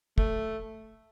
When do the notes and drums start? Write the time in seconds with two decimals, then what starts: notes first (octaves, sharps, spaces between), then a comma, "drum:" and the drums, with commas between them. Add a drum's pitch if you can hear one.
0.18 A3, drum: kick